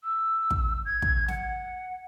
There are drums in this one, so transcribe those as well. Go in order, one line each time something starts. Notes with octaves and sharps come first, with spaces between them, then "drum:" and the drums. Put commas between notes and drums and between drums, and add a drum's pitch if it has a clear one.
E6
drum: kick
G#6
drum: kick
F#5, drum: snare